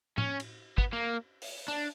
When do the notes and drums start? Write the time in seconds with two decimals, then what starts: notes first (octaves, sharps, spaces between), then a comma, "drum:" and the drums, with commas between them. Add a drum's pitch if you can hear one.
0.18 C#4, drum: tom A2
0.40 drum: cymbal
0.78 B3, drum: kick
0.93 A#3
1.42 drum: open hi-hat
1.68 D4